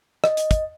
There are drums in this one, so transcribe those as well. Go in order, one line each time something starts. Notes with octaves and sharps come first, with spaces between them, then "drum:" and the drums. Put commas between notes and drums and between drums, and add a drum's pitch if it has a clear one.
D#5, drum: rim click
drum: hi-hat
drum: kick, hi-hat